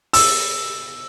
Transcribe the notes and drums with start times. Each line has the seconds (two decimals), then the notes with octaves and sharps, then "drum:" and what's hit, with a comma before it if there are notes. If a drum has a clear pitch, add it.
0.13 E6, drum: open hi-hat